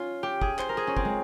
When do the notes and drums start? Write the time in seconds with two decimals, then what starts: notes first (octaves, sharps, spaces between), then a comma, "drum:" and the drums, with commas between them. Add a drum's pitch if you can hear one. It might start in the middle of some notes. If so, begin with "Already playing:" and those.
Already playing: C#4 F4
0.23 G4
0.41 G#4, drum: kick
0.59 C5, drum: clap
0.69 A#4
0.77 G#4
0.87 C#4
0.97 C4, drum: kick
1.05 G#3